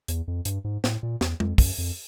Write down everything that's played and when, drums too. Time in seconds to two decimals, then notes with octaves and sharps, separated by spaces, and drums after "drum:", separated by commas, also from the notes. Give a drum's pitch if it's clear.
0.08 E2, drum: hi-hat
0.28 F2
0.45 G2, drum: hi-hat
0.64 G#2
0.84 A2, drum: snare
1.03 A#2
1.21 E2, drum: snare
1.40 F2, drum: tom
1.58 F#2, drum: kick, open hi-hat
1.78 F2